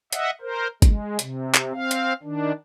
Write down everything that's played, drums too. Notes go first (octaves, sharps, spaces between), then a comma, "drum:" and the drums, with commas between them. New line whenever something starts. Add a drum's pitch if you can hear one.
D#5 E5 F#5, drum: hi-hat
A#4 C5
G#3, drum: kick, hi-hat
C3, drum: hi-hat
drum: clap
C4 F5
drum: hi-hat
D#3 D4